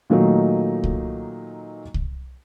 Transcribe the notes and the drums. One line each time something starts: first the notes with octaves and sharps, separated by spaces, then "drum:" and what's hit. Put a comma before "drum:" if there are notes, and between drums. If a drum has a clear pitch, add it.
A#2 D#3 F#3 A3 D#4
drum: kick C2
drum: kick C2